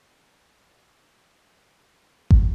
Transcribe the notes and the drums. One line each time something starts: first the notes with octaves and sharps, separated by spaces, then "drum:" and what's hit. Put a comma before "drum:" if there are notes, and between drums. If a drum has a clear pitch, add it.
G2 F3 F#3 D4
drum: kick G#1